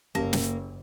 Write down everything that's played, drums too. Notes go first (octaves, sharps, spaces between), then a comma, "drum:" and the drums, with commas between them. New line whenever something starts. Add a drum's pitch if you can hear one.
F#1 A#3 C#4 G4
drum: snare